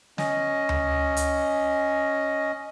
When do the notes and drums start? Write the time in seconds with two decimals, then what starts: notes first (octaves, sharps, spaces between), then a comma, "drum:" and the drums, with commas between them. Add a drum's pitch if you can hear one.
0.18 C#4 D#5, drum: snare
0.69 drum: tom D2
1.17 drum: hi-hat